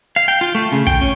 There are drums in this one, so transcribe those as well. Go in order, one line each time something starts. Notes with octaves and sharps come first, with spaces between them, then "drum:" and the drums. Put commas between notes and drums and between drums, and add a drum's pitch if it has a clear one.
F5
G5
F4
A3
C#3
G5, drum: kick
C#4